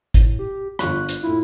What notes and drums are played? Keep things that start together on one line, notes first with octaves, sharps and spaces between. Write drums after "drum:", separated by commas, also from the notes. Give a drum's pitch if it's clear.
A2, drum: kick G#1, hi-hat
G4
G1 F4 C#6 F#6, drum: rim click
drum: hi-hat
A2 E4 F4